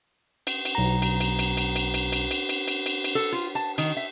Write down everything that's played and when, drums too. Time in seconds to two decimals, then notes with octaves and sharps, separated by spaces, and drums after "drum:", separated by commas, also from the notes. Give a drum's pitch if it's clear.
0.47 drum: cymbal
0.65 drum: cymbal
0.75 B1 A#5
1.02 drum: cymbal
1.20 drum: cymbal
1.39 drum: cymbal
1.57 drum: cymbal
1.76 drum: cymbal
1.94 drum: cymbal
2.12 drum: cymbal
2.31 drum: cymbal
2.49 drum: cymbal
2.68 drum: cymbal
2.86 drum: cymbal
3.04 drum: cymbal
3.15 A4
3.32 F4
3.55 A5
3.78 D#3, drum: cymbal
3.97 E5